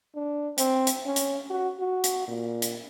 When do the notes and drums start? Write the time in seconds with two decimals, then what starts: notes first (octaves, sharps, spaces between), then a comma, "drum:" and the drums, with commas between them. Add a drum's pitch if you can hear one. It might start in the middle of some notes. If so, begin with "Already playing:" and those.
0.15 D4
0.58 C4, drum: hi-hat
0.87 drum: hi-hat
1.06 C#4
1.16 drum: hi-hat
1.50 F#4
1.79 F#4
2.04 drum: hi-hat
2.28 A#2
2.62 drum: hi-hat